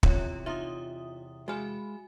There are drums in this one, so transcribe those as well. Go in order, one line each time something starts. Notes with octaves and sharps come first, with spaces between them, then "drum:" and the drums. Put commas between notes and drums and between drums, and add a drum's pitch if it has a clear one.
E2 C3 F4 C#5, drum: kick
D#4 F4 E5 D#6
G#3 F#4 F5 G#5 B5